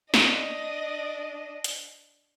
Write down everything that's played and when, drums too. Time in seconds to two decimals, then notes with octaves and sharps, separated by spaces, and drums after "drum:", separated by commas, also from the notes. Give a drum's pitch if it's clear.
0.14 D4 D#5, drum: snare
1.64 drum: hi-hat